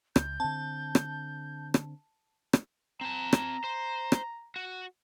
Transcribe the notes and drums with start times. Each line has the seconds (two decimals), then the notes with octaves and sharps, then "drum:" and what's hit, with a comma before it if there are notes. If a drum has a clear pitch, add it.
0.16 C#2 G6, drum: rim click
0.40 D3 C4 A5
0.95 drum: rim click
1.74 drum: rim click
2.53 drum: rim click
3.01 C4 A5 A#5
3.33 drum: rim click
3.64 C5
4.12 drum: rim click
4.56 F#4